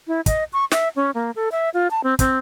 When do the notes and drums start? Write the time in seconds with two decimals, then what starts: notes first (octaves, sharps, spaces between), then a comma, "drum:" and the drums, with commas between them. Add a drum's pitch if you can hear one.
0.07 E4
0.26 D#5, drum: kick, hi-hat
0.53 C#6
0.72 E5, drum: snare
0.96 C#4
1.15 A#3
1.36 A4
1.52 E5
1.74 F4
1.91 A5
2.04 C4
2.19 C4, drum: kick, hi-hat